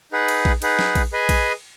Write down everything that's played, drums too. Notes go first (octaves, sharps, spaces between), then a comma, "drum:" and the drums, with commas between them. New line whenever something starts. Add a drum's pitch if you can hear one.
D#4 G#4 B4 F#5
drum: cymbal
drum: kick A#1
D#4 G#4 B4 F#5, drum: cymbal
drum: snare
drum: kick A#1, cymbal
G#4 B4 D#5 G#5
drum: kick A#1, cymbal